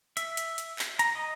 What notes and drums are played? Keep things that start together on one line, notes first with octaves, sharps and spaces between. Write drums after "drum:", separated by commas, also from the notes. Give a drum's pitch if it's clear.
E5, drum: hi-hat
drum: hi-hat
drum: hi-hat
drum: clap
A#5, drum: hi-hat
D#5